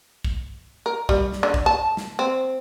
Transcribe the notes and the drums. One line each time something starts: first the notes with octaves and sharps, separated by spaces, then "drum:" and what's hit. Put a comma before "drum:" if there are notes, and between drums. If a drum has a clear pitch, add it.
drum: kick
A#4
G3, drum: kick
drum: snare
D3
drum: kick
A5
drum: snare
C4